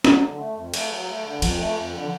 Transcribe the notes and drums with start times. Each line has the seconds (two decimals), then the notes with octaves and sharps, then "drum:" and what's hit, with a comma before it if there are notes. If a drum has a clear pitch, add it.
0.05 F#3, drum: snare C#4
0.22 D3
0.39 A3
0.56 F2
0.74 A3, drum: cymbal
0.90 F#3
1.08 A3
1.25 D3
1.42 F2 F3, drum: cymbal
1.59 A3
1.77 F2
1.94 D3